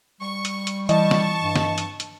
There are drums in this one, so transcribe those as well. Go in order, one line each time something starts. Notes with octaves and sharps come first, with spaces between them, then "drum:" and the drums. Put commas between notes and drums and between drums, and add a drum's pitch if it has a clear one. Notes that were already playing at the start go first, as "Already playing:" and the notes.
G3 C#6
drum: hi-hat
drum: hi-hat
E3 G3 D#5 A5 C#6, drum: hi-hat
drum: snare
G2
drum: snare
drum: hi-hat
drum: hi-hat